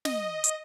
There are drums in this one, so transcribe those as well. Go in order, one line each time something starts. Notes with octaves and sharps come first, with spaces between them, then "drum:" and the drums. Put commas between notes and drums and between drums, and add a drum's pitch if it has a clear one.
D#5, drum: snare
drum: hi-hat